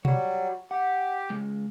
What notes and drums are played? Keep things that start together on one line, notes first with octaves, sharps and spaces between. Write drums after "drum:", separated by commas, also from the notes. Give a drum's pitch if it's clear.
F#3 G3 F#4, drum: tom B2
G4 F#5
C#3 G#3